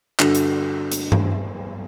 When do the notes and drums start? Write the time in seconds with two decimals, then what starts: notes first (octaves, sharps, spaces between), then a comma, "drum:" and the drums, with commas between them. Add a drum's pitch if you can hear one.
0.19 G2 D3 F#4 A4 A#6, drum: clap
0.35 drum: hi-hat
0.92 drum: hi-hat
1.12 drum: tom G2